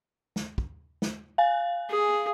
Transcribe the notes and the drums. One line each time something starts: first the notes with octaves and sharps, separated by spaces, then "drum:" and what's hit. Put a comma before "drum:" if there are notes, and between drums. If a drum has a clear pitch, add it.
drum: snare
drum: kick
drum: snare
F5 G#5
G#4